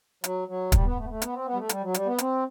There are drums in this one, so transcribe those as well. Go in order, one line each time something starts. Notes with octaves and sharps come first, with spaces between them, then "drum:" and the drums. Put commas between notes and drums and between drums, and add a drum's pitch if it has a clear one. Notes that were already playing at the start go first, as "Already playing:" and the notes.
F#3, drum: hi-hat
F#3
G3, drum: kick, hi-hat
B3
A3
B3
A3
B3, drum: hi-hat
C4
B3
G3
A3
G3, drum: hi-hat
F#3
G3, drum: hi-hat
B3
C4, drum: hi-hat